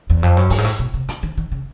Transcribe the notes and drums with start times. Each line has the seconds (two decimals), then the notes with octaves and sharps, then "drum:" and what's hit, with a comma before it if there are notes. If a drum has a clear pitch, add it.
0.10 E2
0.23 F2
0.37 F#2
0.50 G2, drum: open hi-hat
0.58 G#2
0.64 A2
0.79 B2
0.94 C3
1.09 D3, drum: hi-hat
1.23 D#3
1.37 D#3
1.52 C#3